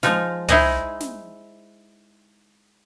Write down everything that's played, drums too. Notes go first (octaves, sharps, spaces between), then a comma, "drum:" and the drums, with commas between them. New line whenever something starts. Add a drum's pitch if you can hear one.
F3 G#3 D#4 F4, drum: snare
D#4 E4 G#4 C5 D#5, drum: tom
drum: snare